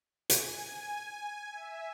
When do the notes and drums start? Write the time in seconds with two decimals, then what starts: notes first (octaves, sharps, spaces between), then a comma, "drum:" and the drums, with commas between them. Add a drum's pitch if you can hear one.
0.30 G#5, drum: hi-hat
1.50 E5